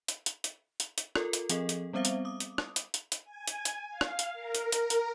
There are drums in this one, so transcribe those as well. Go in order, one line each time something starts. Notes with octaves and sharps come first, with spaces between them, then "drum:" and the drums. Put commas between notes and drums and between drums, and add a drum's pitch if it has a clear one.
drum: hi-hat
drum: hi-hat
drum: hi-hat
drum: hi-hat
drum: hi-hat
F4 A4 A#4, drum: rim click
drum: hi-hat
F3 C4 G#4 A4 D#5, drum: hi-hat
drum: hi-hat
G3 B3 C4 C5 E5 F5
drum: hi-hat
D6 D#6
drum: hi-hat
drum: rim click
drum: hi-hat
drum: hi-hat
drum: hi-hat
G#5
drum: hi-hat
drum: hi-hat
F5
drum: rim click
drum: hi-hat
A#4
drum: hi-hat
drum: hi-hat
drum: hi-hat